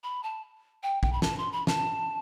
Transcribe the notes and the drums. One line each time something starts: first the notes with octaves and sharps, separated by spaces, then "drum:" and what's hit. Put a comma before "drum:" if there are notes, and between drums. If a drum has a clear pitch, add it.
B5
A5
G5
G5, drum: kick
B5
A5, drum: snare
C6
B5
A5, drum: snare